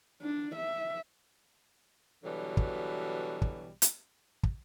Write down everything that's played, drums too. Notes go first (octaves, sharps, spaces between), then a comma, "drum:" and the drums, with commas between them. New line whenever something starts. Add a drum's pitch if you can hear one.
D4
E5
B2 D3 E3 F#3 G3
drum: kick
drum: kick
drum: hi-hat
drum: kick